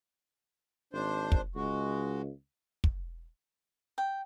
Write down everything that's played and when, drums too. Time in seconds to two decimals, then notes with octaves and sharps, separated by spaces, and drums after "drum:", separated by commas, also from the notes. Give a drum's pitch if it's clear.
0.93 G#1 D4 C5
1.32 drum: kick
1.55 C#2 G#3 F#4
2.84 drum: kick
3.98 G5